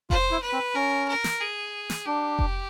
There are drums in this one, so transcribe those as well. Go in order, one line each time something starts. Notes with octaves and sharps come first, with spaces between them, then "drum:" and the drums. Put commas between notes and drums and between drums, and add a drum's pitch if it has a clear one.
F4 C5, drum: kick F1
E4
B4
C4
C#4 A#4
A#4
drum: snare
G#4
drum: snare
D4 G4
drum: kick F1